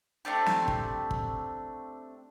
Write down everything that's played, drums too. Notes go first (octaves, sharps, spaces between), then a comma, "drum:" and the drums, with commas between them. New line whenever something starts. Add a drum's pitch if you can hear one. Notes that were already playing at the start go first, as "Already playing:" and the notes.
A3 C4 D4 G4
drum: snare
drum: kick
drum: kick